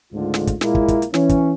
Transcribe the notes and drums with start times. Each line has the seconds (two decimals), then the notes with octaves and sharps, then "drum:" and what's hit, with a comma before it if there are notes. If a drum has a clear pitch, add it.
0.13 C#2 G#2 D3 A3 F4
0.34 drum: snare
0.47 drum: kick, hi-hat
0.61 A#2 G#3 A#3 E4, drum: snare
0.75 drum: kick
0.88 drum: kick, hi-hat
1.02 drum: hi-hat
1.14 E3 C#4, drum: snare
1.29 drum: kick, hi-hat